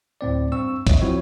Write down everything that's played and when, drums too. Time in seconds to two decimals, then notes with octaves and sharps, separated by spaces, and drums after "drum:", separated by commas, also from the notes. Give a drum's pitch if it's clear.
0.21 D2 A2 C4 D5
0.52 G2 C4 C#6 E6
0.87 C#5 D#5 E5, drum: kick C2, hi-hat
1.01 F3 F#3 C4 E4 F#4 C#5